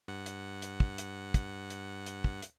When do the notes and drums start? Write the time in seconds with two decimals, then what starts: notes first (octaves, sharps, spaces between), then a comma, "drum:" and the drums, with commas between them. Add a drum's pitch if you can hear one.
0.08 G2 F#5
0.26 drum: hi-hat
0.62 drum: hi-hat
0.80 drum: kick
0.98 drum: hi-hat
1.34 drum: kick, hi-hat
1.70 drum: hi-hat
2.06 drum: hi-hat
2.24 drum: kick
2.42 drum: hi-hat